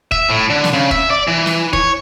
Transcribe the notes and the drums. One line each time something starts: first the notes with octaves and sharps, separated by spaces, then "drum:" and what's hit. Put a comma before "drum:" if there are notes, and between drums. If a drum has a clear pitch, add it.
E5, drum: kick E1
A2
D3
drum: snare
C#3
E5, drum: kick E1
D5
E3
drum: snare
C#5, drum: kick E1